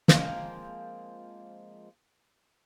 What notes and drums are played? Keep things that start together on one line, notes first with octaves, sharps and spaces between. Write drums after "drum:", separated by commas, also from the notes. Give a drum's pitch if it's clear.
F3 G#3 A#3 C4, drum: snare